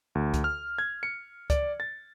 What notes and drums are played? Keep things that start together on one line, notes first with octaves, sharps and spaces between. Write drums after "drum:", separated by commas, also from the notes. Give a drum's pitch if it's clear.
D2
drum: kick C#2, hi-hat
F6
G#6
C#7
D5, drum: kick C#2, hi-hat
A6